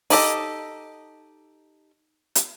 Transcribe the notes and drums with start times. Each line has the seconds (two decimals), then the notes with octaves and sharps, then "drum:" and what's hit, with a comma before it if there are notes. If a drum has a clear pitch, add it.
0.10 D#4 G4 A4 D#5, drum: open hi-hat
2.35 drum: hi-hat